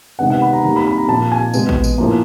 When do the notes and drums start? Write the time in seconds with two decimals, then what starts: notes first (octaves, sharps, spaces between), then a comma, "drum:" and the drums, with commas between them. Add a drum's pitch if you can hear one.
0.19 C3 D#3 G#3 B3 F#5
0.30 F#5
0.42 B5
0.53 A#5
0.64 D#3 G3 A#3 A#5
0.76 B5
0.87 B5
0.98 A#5
1.09 A#2 F3 A#3 A5
1.32 G#5
1.53 B2 G#3 B3, drum: tambourine
1.69 drum: kick
1.84 drum: tambourine
1.98 A2 F3 A#3